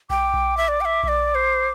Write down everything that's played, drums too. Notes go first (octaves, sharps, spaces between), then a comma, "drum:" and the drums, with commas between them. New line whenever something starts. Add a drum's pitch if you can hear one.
G5 D6, drum: kick B1
drum: kick B1
E5
D5
G5
E5
E5, drum: kick B1
D5
C5